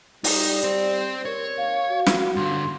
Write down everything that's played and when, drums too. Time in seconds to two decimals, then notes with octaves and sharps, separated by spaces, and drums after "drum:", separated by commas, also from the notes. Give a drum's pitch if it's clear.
0.24 G3 D#4 D5, drum: open hi-hat
0.64 C4 C5
1.25 A#4 C#5
1.58 D#2 F5
1.89 F#4
2.06 drum: snare
2.36 G2 D3 C6